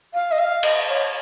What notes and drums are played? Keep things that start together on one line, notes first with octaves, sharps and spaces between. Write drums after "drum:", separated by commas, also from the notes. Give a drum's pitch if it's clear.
F5
D#5
F5
D#5, drum: cymbal
C#5